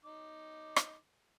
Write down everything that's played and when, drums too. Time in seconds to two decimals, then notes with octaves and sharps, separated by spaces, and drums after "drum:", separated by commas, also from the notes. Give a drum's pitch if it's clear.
0.05 D#4 D6
0.76 drum: rim click